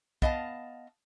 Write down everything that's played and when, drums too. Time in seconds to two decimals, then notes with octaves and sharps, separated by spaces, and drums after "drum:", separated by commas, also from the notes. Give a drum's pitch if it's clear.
0.22 B3 D#5 F5 A5, drum: kick